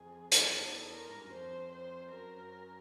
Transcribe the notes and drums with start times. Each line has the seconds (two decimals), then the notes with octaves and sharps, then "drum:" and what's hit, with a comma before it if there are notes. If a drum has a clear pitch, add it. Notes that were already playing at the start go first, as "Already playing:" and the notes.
Already playing: F2 G#4
0.32 drum: hi-hat
0.51 E2 A4
0.92 A#4
1.08 G#2
1.16 G2
1.24 F#2
1.31 F2 C5
1.71 C5
2.11 F#2 A#4